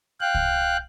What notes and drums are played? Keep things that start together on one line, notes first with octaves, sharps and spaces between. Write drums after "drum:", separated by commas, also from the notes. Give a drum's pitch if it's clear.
F5 G5 F#6
drum: kick C2